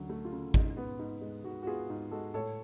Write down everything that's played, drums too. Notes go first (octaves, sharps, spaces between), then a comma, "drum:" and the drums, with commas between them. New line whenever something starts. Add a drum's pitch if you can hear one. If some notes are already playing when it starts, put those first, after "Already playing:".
Already playing: D2 C#3 F#3
A3
F4
C#3
G#2, drum: kick G#1
B3
G#2
G#3
G#2 F#4
F#4
B3 F4 G#4
G#2
G#3 F#4 A4
A2 A4 C#5